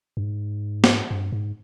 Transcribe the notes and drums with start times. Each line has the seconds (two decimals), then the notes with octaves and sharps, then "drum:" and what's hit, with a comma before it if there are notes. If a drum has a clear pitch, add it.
0.17 G2
0.23 G#2
0.84 drum: snare
1.11 G2
1.32 G#2